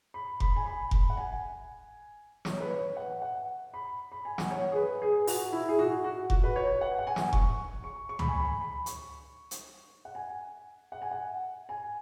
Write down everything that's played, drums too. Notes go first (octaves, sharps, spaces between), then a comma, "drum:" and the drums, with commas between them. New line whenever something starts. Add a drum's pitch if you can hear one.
B5
B5, drum: kick F1
G#5
B5
B5, drum: kick F1
F#5
G#5
C#5, drum: snare
B4
C#5
F#5
F#5
B5
B5
G#5
F#5, drum: snare
C#5
G#4
B4
G#4
F#4, drum: open hi-hat
E4
G#4
F#4
F#4
F#4, drum: kick F1
B4
C#5
F#5
F#5
G#5
drum: snare
C#6, drum: kick F1
C#6
C#6
B5, drum: tom
G#5
B5
B5
C#6, drum: hi-hat
drum: hi-hat
F#5
G#5
F#5
G#5
F#5
G#5